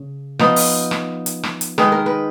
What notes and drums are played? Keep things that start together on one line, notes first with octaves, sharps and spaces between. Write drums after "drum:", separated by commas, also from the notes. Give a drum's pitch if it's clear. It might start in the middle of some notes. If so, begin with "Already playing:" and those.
Already playing: C#3
F3 B3 D#4, drum: rim click
drum: open hi-hat
drum: rim click
drum: hi-hat
drum: rim click
drum: hi-hat
D#3 G#3 D#4 B4, drum: rim click
A#4
B4